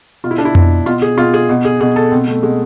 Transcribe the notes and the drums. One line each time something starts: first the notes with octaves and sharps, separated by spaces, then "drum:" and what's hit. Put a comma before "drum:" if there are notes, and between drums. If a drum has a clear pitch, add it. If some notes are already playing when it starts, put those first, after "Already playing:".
B2 F4
E4
D4
E4
B2, drum: tom F2
B2 F4, drum: hi-hat
G#4
B2 F4
G#4
B2
G#4
B2 G#4
A4
B2 C4
A3
B2 G#3